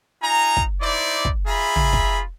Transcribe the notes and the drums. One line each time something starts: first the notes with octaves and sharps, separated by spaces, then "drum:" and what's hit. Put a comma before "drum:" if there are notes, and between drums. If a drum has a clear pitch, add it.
D#4 F4 G#5 A#5
drum: kick
D#4 E4 C5 D5
drum: kick
F4 G#4 E5 A#5 B5
drum: tom
drum: kick